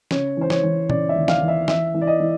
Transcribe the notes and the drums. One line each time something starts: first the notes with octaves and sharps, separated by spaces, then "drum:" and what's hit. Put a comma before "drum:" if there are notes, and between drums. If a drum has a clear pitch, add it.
C#3 C#5, drum: snare
E3 C5
C#5, drum: snare
E3
C#3 D5, drum: tom
E5
D#2
F5, drum: snare
E3
E5
E3 E5, drum: snare
E3
D5
D#5
E3